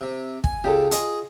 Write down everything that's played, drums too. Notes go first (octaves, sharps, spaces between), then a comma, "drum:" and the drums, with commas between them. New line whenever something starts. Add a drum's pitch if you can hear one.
C3
G#5, drum: kick
C#2 C#3 G4 A4
F4 G#4 D#5 D#6, drum: hi-hat